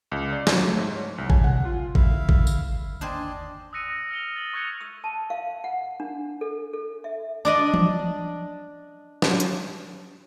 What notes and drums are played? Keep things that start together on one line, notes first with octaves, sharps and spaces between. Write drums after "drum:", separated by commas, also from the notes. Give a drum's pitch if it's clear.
C#2
D5
D#2, drum: snare
A3
G#2
C#5
C2
G#5, drum: kick G#1
F#5, drum: tom B2
F4
G1 E4 E5 F5, drum: kick G#1
drum: kick G#1
drum: tambourine
D#2 D4 C5 D5 D#5 G5 G#5
D#6 E6 F#6 A#6 C#7 D#7
A#6
F6 C#7 F7 G7
A6 F#7
C#6 F6 F#6 G#6 C#7 F7
E6
A5
F5
F#5
D4
A4
A4
E5
D4 D5 D#5
drum: tom E3
drum: snare
drum: hi-hat